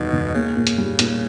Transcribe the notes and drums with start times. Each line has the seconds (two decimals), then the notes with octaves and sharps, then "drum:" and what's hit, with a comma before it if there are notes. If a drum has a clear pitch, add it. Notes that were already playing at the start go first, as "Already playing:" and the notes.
Already playing: E1 E2 B2 D#3 G3
0.12 E1
0.34 C#3 A#3
0.56 A#2
0.67 drum: hi-hat
0.78 G3
0.99 A#2, drum: hi-hat